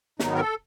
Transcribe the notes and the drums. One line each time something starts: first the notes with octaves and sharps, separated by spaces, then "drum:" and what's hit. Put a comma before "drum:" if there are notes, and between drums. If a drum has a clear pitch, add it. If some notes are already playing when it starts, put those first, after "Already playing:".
G#2 D#3 F#3 B3 D#4, drum: snare
A#4
A4